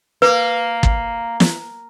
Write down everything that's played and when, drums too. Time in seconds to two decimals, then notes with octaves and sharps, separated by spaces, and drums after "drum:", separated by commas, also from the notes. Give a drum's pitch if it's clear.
0.22 A#3 B4
0.83 drum: kick
1.40 drum: snare